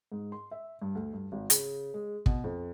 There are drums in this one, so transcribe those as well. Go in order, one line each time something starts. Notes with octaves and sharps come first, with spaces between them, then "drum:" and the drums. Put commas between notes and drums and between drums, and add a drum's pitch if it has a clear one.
G#2
C6
E5
G2
D2
G2
G#1
C#3, drum: hi-hat
G#3
B2, drum: kick
F2